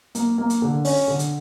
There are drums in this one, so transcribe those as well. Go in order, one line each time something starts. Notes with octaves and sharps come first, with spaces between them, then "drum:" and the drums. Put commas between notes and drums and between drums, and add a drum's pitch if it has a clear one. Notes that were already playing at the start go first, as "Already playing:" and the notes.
A#3, drum: hi-hat
A#3
drum: hi-hat
D3
C#4, drum: open hi-hat
D3
drum: hi-hat